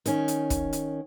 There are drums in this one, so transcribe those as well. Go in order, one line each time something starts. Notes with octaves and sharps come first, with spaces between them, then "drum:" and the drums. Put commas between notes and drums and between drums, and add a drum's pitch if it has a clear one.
D#3 C#4, drum: hi-hat
drum: hi-hat
drum: kick, hi-hat
drum: hi-hat